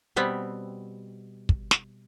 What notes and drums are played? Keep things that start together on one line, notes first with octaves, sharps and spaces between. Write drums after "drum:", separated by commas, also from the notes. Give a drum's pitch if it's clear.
B2 G3 B3 C4
drum: kick
drum: snare